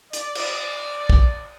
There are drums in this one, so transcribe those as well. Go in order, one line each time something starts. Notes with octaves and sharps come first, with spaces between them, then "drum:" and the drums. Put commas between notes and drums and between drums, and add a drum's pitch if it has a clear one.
D5, drum: hi-hat
drum: cymbal
drum: kick